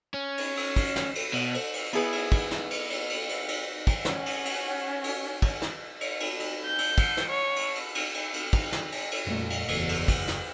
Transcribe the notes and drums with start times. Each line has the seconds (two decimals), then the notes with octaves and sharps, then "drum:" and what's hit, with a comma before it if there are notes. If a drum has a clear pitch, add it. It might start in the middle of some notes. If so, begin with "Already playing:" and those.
0.14 C#4
0.38 drum: cymbal
0.57 drum: cymbal
0.76 drum: kick, cymbal
0.96 drum: snare
1.15 drum: cymbal
1.33 B2, drum: cymbal
1.54 drum: cymbal
1.73 drum: cymbal
1.93 B3 E4 G#4 B4, drum: cymbal
2.12 drum: cymbal
2.32 drum: kick, cymbal
2.51 drum: snare
2.71 drum: cymbal
2.90 drum: cymbal
3.09 drum: cymbal
3.29 drum: cymbal
3.48 drum: cymbal
3.87 drum: kick, cymbal
4.05 C#4 F#5, drum: snare
4.26 drum: cymbal
4.45 drum: cymbal
5.04 drum: cymbal
5.42 drum: kick, cymbal
5.62 drum: snare
6.01 drum: cymbal
6.20 drum: cymbal
6.39 drum: cymbal
6.67 G6
6.78 drum: cymbal
6.98 drum: kick, cymbal
7.17 drum: snare
7.30 C#5
7.56 drum: cymbal
7.75 drum: cymbal
7.95 drum: cymbal
8.14 drum: cymbal
8.34 drum: cymbal
8.53 drum: kick, cymbal
8.72 drum: snare
8.92 drum: cymbal
9.11 drum: cymbal
9.26 F2 A#2 G3 A3 C#4
9.50 drum: cymbal
9.68 F#1 E2, drum: cymbal
9.89 drum: cymbal
10.08 drum: kick, cymbal
10.28 drum: snare